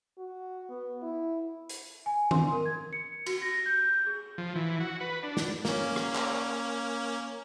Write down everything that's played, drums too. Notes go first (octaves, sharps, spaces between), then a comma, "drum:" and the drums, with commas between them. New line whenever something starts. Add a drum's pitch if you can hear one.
F#4
B3
E4
drum: hi-hat
G#5
C6, drum: tom D#3
A#4
G#6
C#7
F#4, drum: cymbal
A#6
G6
G#4
F3
E3
F#4
B4
D4
drum: snare
A#3 C#4, drum: snare
drum: rim click
drum: clap